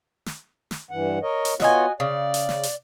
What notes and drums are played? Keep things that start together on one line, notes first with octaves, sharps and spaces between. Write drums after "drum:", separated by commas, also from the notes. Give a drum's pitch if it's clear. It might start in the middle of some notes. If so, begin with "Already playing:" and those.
drum: snare
drum: snare
G2 E3 F#5
A#4 C#5 D#5
drum: hi-hat
B3 F4 F#4 C#5 D#5 G#5, drum: snare
C#3 D5
drum: hi-hat
drum: snare
drum: hi-hat